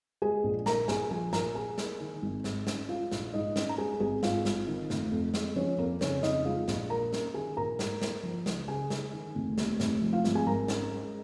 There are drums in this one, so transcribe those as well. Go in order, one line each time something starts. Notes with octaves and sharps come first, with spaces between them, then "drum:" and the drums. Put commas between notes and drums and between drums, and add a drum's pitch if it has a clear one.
G#3 G#4 G#5
A#1
A#2 A#4 A#5, drum: snare
A#1 G#4 G#5, drum: snare
F3 G#4 G#5
A#1 A#4 A#5, drum: snare
A#2 G#4 G#5
A#3, drum: snare
D#3
G#1
G#2, drum: snare
C#4, drum: snare
G#3 F4 F5
A#1, drum: snare
G#2 D#4 D#5
C#4, drum: snare
A#5
G#3 G#4 G#5
G#1 G#4 G#5
G#2 F4 F5, drum: snare
G#1, drum: snare
D#3
F1, drum: snare
F2
G#3, drum: snare
F3 C#4 C#5
F2 A#3 A#4
C#3 C#4 C#5, drum: snare
F2 D#4 D#5, drum: snare
G#3 F4 F5
A#1, drum: snare
A#2 A#4 A#5
C#4, drum: snare
D#3 G#4 G#5
A#1 A#4 A#5
G#2, drum: snare
A#3, drum: snare
F3
C#2, drum: snare
C#3 G#4 G#5
G#3, drum: snare
D#3
F1
D#2, drum: snare
F1, drum: snare
F3
F4 F5
G#1, drum: snare
G#4 G#5
G#2 A#4 A#5
C#4, drum: snare
G#3